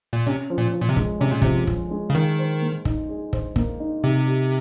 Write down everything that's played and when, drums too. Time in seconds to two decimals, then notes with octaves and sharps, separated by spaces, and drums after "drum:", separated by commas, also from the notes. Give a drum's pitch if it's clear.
0.13 A#2
0.26 C3 C#4
0.50 F3
0.58 A#2
0.74 F3
0.81 A#2
0.89 C3
0.96 G#3, drum: kick
1.20 C3 C#4
1.31 A#2
1.42 C3 F3, drum: kick
1.67 F3, drum: kick
1.91 G#3
2.10 C#3
2.14 D#3 G#4
2.39 C5
2.62 A#3
2.85 D#4, drum: kick
3.09 G#4
3.33 C5, drum: kick
3.56 A#3, drum: kick
3.80 D#4
4.03 C3 D#4
4.26 G4